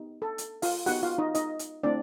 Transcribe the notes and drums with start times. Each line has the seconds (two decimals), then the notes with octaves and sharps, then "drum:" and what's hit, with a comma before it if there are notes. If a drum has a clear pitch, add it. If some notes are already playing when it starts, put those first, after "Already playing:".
Already playing: B3 D#4 G4
0.22 A4 A5
0.38 drum: hi-hat
0.62 F4 F5, drum: open hi-hat
0.86 B3 D#4 F#4 G4 F#5, drum: open hi-hat
1.03 F4 F5
1.18 D#4 D#5
1.35 D#4 D#5, drum: hi-hat
1.59 drum: hi-hat
1.83 A3 C4 D4 E4 D5